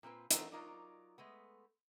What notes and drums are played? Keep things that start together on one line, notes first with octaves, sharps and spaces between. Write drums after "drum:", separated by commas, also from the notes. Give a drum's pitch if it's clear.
A#2 C4 F4 B4
E3 A3 B3 C4 D#4 F4, drum: hi-hat
F#3 D#4 F4 A#4 D5 D#5
G#3 A3 B3